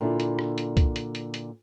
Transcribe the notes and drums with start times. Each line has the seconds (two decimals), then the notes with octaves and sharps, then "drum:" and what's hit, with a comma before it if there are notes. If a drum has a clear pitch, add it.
0.01 A#2 D3 D4 E4
0.20 drum: hi-hat
0.39 drum: rim click
0.58 drum: hi-hat
0.77 drum: kick, hi-hat
0.96 drum: hi-hat
1.15 drum: hi-hat
1.34 drum: hi-hat